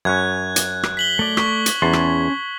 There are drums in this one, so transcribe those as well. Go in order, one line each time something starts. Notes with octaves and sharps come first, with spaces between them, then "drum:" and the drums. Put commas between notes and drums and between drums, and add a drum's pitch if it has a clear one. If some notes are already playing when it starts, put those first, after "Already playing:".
F#2 C#4 F#6 G#6
drum: hi-hat
drum: rim click
B6 F#7 G7
A3 D5
C#6 B6, drum: rim click
drum: hi-hat
E2 C#4 A5 C6
drum: rim click